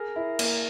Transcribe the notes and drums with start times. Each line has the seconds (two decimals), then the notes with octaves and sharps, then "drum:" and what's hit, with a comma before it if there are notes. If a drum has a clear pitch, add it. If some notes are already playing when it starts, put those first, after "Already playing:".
Already playing: G#4 A#4
0.16 E4
0.39 A#3, drum: cymbal